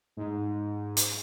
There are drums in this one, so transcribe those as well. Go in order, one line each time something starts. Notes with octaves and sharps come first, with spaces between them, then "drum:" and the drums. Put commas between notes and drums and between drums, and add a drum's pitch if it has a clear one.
G#2
drum: hi-hat